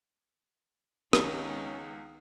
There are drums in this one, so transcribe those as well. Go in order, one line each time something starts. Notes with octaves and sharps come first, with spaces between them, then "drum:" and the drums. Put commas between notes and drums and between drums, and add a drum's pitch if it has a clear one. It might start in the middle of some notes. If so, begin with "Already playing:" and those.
C#2 D#3 B3 C#4 D#4, drum: rim click